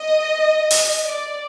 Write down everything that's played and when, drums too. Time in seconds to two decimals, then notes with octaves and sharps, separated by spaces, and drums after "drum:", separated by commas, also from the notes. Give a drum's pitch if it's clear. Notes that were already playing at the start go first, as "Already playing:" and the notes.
Already playing: D#5
0.71 drum: open hi-hat
1.05 D5